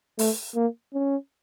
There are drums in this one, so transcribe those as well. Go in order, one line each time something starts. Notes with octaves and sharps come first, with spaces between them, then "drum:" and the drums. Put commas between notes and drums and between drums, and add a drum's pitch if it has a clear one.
A3, drum: open hi-hat
A#3
C#4